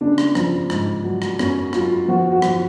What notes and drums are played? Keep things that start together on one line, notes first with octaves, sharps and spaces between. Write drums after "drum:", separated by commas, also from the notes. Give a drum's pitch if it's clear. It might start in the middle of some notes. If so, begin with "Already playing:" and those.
C#3 D4
drum: rim click
F3, drum: rim click
G#2, drum: rim click
F#3
drum: rim click
F#2 C#4, drum: rim click
F#3 F4, drum: rim click
F3 F#4
F#4
F3, drum: rim click